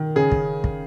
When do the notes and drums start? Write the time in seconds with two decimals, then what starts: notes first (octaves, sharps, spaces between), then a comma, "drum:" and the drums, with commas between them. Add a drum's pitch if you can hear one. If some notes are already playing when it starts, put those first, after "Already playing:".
Already playing: D#3
0.16 C#3 G#4
0.32 drum: kick
0.64 drum: kick